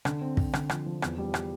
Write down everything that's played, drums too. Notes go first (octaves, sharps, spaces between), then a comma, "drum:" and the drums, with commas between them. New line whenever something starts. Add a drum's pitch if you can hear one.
D3, drum: rim click
C4
C4, drum: kick
D3, drum: rim click
F3, drum: rim click
F3
E2, drum: rim click
G3
drum: rim click